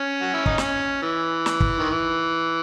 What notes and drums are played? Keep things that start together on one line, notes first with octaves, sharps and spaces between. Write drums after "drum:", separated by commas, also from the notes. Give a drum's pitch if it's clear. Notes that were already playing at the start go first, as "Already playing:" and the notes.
Already playing: C#4
F#4
E4
D#4, drum: kick
C#4, drum: snare
E3
drum: snare
drum: kick
D#3
E3